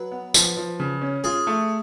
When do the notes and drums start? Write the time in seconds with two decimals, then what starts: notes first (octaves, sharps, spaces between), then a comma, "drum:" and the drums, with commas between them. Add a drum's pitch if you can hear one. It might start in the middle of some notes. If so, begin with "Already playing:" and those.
Already playing: F#3 B4
0.11 B3
0.34 F3, drum: tambourine
0.57 F3
0.80 C#3
1.01 C#4
1.24 F4 G#4
1.47 A3